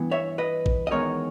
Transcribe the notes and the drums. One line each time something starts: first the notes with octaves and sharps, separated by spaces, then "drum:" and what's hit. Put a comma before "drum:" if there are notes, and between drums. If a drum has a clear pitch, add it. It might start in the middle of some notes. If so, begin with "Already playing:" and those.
Already playing: G2 E3 B3
C#5 E5
B4 D#5
drum: kick A1
D#5
E2 D#3 G#3 B3 A#4 C#5